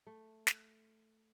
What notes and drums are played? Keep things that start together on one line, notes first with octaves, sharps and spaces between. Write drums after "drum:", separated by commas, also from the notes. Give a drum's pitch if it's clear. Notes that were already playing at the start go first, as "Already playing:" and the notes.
A3
drum: snare